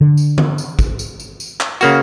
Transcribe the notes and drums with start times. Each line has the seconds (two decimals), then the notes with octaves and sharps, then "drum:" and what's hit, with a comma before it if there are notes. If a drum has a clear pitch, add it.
0.01 D3
0.17 drum: tambourine
0.38 drum: tom D3
0.58 drum: tambourine
0.79 drum: kick, tambourine
0.99 drum: tambourine
1.20 drum: tambourine
1.40 drum: tambourine
1.60 drum: clap
1.81 C#3 A#3 F#4, drum: tambourine